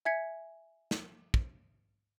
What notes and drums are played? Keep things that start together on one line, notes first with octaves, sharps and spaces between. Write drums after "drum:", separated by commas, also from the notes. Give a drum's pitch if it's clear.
E5 G#5 G#6 B6 C#7
drum: snare
drum: kick